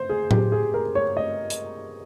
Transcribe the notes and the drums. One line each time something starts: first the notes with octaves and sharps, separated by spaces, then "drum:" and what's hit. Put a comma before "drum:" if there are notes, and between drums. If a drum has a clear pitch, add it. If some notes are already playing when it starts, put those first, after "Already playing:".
Already playing: C5
G#4
G4, drum: tom A2
G#4
A#4
C#5
D#5
drum: hi-hat